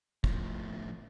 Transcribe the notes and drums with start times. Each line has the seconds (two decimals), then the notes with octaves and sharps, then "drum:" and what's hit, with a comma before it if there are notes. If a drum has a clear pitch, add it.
0.24 A2 F3, drum: kick